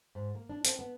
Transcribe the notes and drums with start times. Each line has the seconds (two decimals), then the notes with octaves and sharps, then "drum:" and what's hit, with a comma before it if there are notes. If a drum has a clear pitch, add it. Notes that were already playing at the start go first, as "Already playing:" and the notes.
0.15 G#2
0.35 A#3
0.49 D4
0.65 C4, drum: hi-hat
0.79 B3